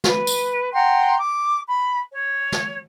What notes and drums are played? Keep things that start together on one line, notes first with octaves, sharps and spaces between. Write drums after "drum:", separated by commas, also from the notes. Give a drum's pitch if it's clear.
B4, drum: snare
drum: tambourine
F#5 G5 A#5 C6
D6
B5
C#5
drum: snare